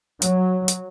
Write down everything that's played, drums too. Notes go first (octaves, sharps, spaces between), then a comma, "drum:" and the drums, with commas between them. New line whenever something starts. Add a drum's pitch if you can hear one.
F#3, drum: hi-hat
drum: hi-hat